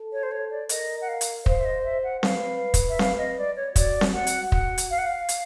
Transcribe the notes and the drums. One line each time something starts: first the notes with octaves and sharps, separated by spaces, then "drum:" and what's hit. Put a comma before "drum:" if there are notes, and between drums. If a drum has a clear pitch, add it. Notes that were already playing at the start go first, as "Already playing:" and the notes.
Already playing: A4
C#5
C5
C#5
D5
A#4 D#5, drum: hi-hat
F#5
F5
drum: hi-hat
C5 F5, drum: kick
E5
D#5
E5
F#5
B4 F5, drum: snare C4
drum: kick, hi-hat
E5
F5, drum: snare C4
D#5
D5
C#5
F#4 D5, drum: kick, hi-hat
drum: snare C4
F#5
drum: hi-hat
F#5, drum: kick
drum: hi-hat
F5
F#5
F5
drum: hi-hat